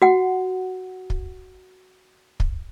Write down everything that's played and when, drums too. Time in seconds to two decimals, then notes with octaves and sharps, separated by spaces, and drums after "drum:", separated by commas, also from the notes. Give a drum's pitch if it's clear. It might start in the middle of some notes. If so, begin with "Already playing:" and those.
0.02 F#4 F#5
1.10 drum: kick
2.40 drum: kick